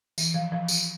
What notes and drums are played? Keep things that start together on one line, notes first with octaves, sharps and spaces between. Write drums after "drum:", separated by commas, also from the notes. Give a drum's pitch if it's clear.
E3, drum: tambourine
F3
F3
drum: tambourine